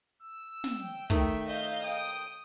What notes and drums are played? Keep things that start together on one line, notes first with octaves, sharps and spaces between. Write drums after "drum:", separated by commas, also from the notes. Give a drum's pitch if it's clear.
E6
drum: snare
G5
D#3 A3 E5, drum: kick
D#5 F5 G6
G5 D#6